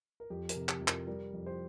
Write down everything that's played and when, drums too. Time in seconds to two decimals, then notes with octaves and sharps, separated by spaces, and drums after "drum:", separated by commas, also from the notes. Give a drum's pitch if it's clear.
0.20 A#4
0.30 F2 G4
0.49 A#4, drum: hi-hat
0.56 C3
0.69 G4, drum: clap
0.81 F2
0.88 A#4, drum: clap
1.07 G3 A#4
1.33 F2
1.46 G4 C5